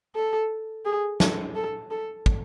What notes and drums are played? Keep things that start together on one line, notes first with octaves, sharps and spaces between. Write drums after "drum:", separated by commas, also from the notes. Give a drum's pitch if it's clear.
A4
G#4
A4, drum: snare
A4
A4
drum: kick